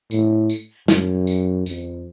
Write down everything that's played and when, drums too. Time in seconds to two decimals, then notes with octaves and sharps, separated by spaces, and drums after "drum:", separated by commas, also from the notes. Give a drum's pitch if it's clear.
0.11 A2, drum: tambourine
0.50 drum: tambourine
0.88 F#2, drum: snare
1.27 drum: tambourine
1.66 F2, drum: tambourine